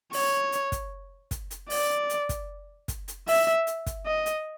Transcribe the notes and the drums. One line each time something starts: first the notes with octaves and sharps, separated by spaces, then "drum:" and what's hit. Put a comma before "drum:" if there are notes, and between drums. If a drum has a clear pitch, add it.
C#5, drum: open hi-hat
drum: hi-hat
drum: kick, hi-hat
drum: kick, hi-hat
drum: hi-hat
D5, drum: open hi-hat
drum: hi-hat
drum: kick, hi-hat
drum: kick, hi-hat
drum: hi-hat
E5, drum: open hi-hat
drum: hi-hat
drum: kick, hi-hat
D#5
drum: hi-hat